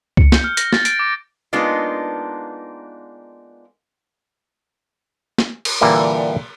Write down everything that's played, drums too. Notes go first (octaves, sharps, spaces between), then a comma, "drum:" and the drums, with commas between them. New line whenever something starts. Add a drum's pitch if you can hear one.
C#7, drum: kick C#2
G6, drum: snare
F6
A#6, drum: hi-hat
A6, drum: snare
D7, drum: hi-hat
D6
G#3 A#3 B3 D4 D#4 F4
drum: snare
drum: cymbal
A#2 D3 E3 G3 A#3